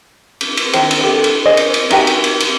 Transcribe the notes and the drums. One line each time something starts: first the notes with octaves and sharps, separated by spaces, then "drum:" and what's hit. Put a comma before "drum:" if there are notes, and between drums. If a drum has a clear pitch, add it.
drum: cymbal
drum: cymbal
D#3 E4 C5, drum: cymbal
drum: cymbal
G4 A4
drum: cymbal
G#4 C5 D#5
drum: cymbal
drum: cymbal
D#4 F#4 G4 B4 G#5, drum: cymbal
drum: cymbal
drum: cymbal
drum: cymbal